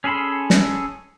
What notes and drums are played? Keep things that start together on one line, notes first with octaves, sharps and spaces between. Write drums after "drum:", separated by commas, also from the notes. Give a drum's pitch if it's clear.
C#4 G#4 A4 B5 C6
drum: snare